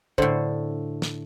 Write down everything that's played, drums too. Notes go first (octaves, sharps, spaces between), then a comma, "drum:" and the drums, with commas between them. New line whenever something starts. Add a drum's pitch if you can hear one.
A2 D3 C5, drum: kick
drum: snare